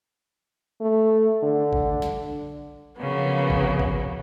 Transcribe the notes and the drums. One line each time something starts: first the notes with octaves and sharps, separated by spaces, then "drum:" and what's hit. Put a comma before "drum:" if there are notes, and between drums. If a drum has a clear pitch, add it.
A3
D3
drum: kick G#1
drum: snare
C#3 F3 F#3 A#3 B3
drum: kick G#1
drum: kick G#1